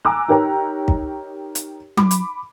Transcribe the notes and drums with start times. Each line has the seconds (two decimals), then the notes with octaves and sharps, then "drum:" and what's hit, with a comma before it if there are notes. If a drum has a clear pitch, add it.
0.05 G#5 A#5 D6 E6 F#6
0.28 D#4 G4 A#4 C#5 G5 A#5
0.88 drum: kick
1.55 drum: hi-hat
1.97 B5 D6, drum: tom F#3
2.11 drum: hi-hat